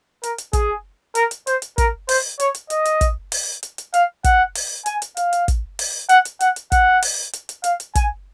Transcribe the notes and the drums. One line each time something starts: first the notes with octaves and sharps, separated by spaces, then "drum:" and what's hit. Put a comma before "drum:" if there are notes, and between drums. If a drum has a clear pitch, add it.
A#4, drum: hi-hat
drum: hi-hat
G#4, drum: kick, hi-hat
A#4, drum: hi-hat
drum: hi-hat
C5, drum: hi-hat
drum: hi-hat
A#4, drum: kick, hi-hat
C5, drum: open hi-hat
C#5, drum: hi-hat
drum: hi-hat
D#5, drum: hi-hat
drum: hi-hat
drum: kick, hi-hat
drum: open hi-hat
drum: hi-hat
drum: hi-hat
F5, drum: hi-hat
F#5, drum: kick, hi-hat
drum: open hi-hat
G#5, drum: hi-hat
drum: hi-hat
F5, drum: hi-hat
drum: hi-hat
drum: kick, hi-hat
drum: open hi-hat
F#5, drum: hi-hat
drum: hi-hat
F#5, drum: hi-hat
drum: hi-hat
F#5, drum: kick, hi-hat
drum: open hi-hat
drum: hi-hat
drum: hi-hat
F5, drum: hi-hat
drum: hi-hat
G#5, drum: kick, hi-hat